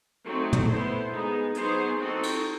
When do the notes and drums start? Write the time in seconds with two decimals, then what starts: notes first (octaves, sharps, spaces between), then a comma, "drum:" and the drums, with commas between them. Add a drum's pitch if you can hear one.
0.25 F#3 A3 C4 D#4 F#4
0.53 drum: tom
0.68 B3 E4 A4 C5
1.11 G#3 B3 D#4 G#4
1.55 F#3 B3 D#4 G#4 C5, drum: hi-hat
1.98 C4 D#4 F#4 A4
2.23 drum: cymbal